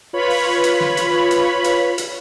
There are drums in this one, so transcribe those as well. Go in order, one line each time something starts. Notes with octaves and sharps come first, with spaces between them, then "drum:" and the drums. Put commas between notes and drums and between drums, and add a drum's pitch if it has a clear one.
F4 B4 C#5 B5
drum: open hi-hat
drum: hi-hat
drum: snare
drum: hi-hat
drum: hi-hat
drum: hi-hat
drum: hi-hat